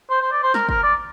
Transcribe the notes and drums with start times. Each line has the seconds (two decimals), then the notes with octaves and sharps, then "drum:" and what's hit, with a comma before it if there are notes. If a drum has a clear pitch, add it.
0.10 C5
0.22 C5
0.32 D5
0.43 C5
0.54 A#4, drum: snare
0.69 A#4, drum: kick
0.83 D5